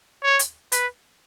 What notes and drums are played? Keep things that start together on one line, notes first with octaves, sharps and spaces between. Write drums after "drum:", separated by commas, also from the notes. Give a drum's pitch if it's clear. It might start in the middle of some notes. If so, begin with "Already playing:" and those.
C#5
drum: hi-hat
B4, drum: hi-hat